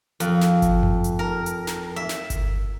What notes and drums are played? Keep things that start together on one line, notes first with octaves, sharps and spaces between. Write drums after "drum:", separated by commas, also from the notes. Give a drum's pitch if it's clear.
F2, drum: hi-hat
drum: snare
drum: kick G1, hi-hat
drum: tom F#2
drum: hi-hat
A#4
drum: hi-hat
drum: snare
E5
drum: snare
drum: kick G1, hi-hat